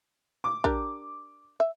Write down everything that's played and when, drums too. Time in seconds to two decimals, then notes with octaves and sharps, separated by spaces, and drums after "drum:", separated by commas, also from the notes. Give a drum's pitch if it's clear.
0.44 D6
0.64 D4 G4 A#4, drum: kick
1.60 E5